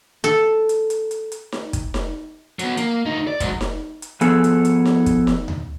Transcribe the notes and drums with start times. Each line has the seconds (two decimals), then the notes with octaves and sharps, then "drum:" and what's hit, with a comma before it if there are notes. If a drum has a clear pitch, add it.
0.24 A4
0.69 drum: hi-hat
0.90 drum: hi-hat
1.11 drum: hi-hat
1.32 drum: hi-hat
1.52 drum: snare D#4
1.73 drum: kick, hi-hat
1.94 drum: snare D#4
2.59 F#3 B3, drum: hi-hat
2.77 A#3, drum: hi-hat
3.06 D2 D#4
3.27 D5
3.40 G#2 F#3, drum: kick, hi-hat
3.61 drum: snare D#4
4.02 drum: hi-hat
4.21 F3 B3 G#4 A4, drum: hi-hat
4.44 drum: hi-hat
4.65 drum: hi-hat
4.85 drum: snare D#4
5.06 drum: kick, hi-hat
5.27 drum: snare D#4
5.48 drum: tom D2